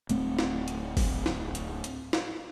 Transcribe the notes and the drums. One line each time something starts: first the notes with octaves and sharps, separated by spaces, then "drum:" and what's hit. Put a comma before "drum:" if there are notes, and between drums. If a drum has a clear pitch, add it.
D1 A3 C4, drum: hi-hat
drum: snare
drum: hi-hat
drum: kick, open hi-hat
drum: snare
drum: hi-hat
drum: hi-hat
drum: snare